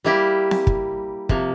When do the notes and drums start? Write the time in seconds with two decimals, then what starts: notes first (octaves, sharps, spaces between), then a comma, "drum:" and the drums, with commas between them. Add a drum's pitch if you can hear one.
0.04 G3 A#3 E4 G4 A#4
0.51 drum: snare C4
0.67 drum: kick
1.29 C3 F3 A#3, drum: kick